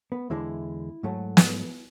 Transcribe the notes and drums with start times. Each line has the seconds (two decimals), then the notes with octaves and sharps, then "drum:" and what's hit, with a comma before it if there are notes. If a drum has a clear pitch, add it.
0.12 B3
0.30 E2 D3 G#3 E4
1.03 G#2 F#3 A3
1.37 drum: snare